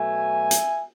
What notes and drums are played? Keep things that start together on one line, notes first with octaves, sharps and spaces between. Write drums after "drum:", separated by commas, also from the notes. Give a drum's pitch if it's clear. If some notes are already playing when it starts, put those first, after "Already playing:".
Already playing: B2 F#3 A3 E5 G#5
drum: hi-hat